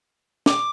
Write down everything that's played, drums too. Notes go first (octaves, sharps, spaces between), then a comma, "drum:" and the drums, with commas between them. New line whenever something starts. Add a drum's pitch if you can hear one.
D6, drum: snare